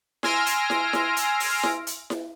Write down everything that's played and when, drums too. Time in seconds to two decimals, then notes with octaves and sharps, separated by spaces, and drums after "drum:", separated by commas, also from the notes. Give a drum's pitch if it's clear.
0.23 G#5 C6 E6 F6 A#6 D7, drum: snare E4
0.46 drum: hi-hat
0.70 drum: snare E4
0.93 drum: snare E4
1.17 drum: hi-hat
1.40 drum: open hi-hat
1.63 drum: snare E4
1.87 drum: hi-hat
2.10 drum: snare E4